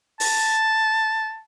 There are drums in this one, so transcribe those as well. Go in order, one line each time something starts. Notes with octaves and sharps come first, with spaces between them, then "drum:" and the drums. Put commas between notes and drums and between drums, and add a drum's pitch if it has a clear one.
A5, drum: open hi-hat